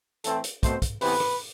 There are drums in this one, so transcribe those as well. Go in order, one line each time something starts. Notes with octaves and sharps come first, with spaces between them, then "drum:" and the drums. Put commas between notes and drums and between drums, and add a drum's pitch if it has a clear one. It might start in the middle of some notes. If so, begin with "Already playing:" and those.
A2 E3 A3 C4 A4, drum: hi-hat
drum: hi-hat
B2 A3 C4 C5, drum: kick, hi-hat
drum: kick, hi-hat
C3 E3 B3 B4, drum: open hi-hat
drum: rim click